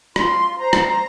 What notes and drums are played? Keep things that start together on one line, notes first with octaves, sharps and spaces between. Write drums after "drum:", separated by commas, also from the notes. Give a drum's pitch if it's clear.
F4 C6, drum: rim click
C6
C5 A#5
drum: rim click